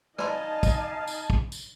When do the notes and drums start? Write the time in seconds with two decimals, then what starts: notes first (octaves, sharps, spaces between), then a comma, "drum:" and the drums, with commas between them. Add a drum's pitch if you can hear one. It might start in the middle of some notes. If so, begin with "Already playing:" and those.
0.19 D#4 D5 D#5 F5 G#5 A5 B5 C6, drum: rim click
0.63 drum: kick, tambourine
1.07 drum: tambourine
1.30 drum: kick
1.52 drum: tambourine